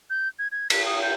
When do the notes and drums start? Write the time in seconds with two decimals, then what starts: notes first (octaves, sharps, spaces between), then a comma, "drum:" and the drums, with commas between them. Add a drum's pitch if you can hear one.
0.10 G6
0.39 G#6
0.52 G#6
0.70 B6, drum: cymbal
0.86 D#6
1.02 G6